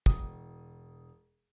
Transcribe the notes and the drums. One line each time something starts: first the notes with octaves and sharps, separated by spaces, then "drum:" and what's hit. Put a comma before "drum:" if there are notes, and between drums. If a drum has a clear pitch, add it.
E1 D#6, drum: kick